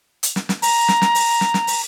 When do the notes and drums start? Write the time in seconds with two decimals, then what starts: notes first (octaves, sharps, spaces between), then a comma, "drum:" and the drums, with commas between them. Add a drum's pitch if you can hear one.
0.23 drum: hi-hat
0.36 drum: snare
0.49 drum: snare
0.62 A#5, drum: open hi-hat
0.88 drum: snare
1.02 drum: snare
1.15 drum: open hi-hat
1.41 drum: snare
1.54 drum: snare
1.67 drum: open hi-hat